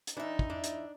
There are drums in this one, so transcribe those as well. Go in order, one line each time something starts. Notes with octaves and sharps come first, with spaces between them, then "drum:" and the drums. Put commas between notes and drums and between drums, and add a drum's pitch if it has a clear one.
drum: hi-hat
E3 D4 D#4 E5
drum: kick
D4
drum: hi-hat